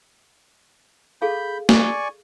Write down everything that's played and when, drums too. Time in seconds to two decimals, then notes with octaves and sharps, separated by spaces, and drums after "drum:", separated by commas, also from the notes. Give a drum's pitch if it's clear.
1.22 G#4 A4 F5 B5 G6
1.69 D5 G#5 C#6, drum: snare